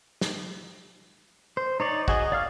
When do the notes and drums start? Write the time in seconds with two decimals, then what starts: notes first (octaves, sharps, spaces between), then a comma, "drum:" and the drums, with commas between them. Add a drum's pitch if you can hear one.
0.21 drum: snare
1.57 C5
1.80 D#4 C#5 D5
2.08 F#4 G#4 D#5, drum: kick
2.32 D5 F5 F6